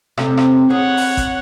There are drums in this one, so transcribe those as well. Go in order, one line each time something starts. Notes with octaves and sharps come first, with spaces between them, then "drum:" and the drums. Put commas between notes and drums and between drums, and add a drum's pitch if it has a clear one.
C3 A3 C#4, drum: rim click
drum: rim click
G#4 C#5 F#5
drum: open hi-hat
drum: kick, hi-hat